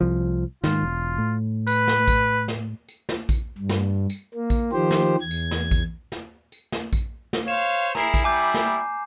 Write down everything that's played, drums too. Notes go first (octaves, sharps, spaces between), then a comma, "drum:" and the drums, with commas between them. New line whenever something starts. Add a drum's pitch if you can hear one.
C2 F3
G#2 D#3 F4, drum: snare
E1
A2
B4, drum: tambourine
drum: snare
drum: kick A#1, tambourine
drum: snare
drum: tambourine
drum: snare
drum: kick A#1, tambourine
G2
drum: snare
drum: tambourine
A#3
drum: kick A#1, tambourine
D#3 F3 G4 C5
drum: snare
E2 G#6
drum: tambourine
drum: snare
drum: kick A#1, tambourine
drum: snare
drum: tambourine
drum: snare
drum: kick A#1, tambourine
drum: snare
C5 C#5 F5 E7
E4 G#4 A#4 A#5 C7, drum: snare
drum: kick A#1, tambourine
G3 E4 G#5 D6 G6
drum: snare